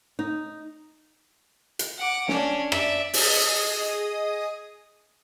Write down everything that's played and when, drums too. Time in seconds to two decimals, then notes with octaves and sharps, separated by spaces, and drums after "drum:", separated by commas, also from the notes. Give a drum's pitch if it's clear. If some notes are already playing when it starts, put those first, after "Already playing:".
0.19 D#4
1.79 drum: hi-hat
1.98 F#5 D6
2.28 C#4 D4, drum: snare
2.72 D5 E5, drum: rim click
3.13 G#4 D#5 D#6, drum: open hi-hat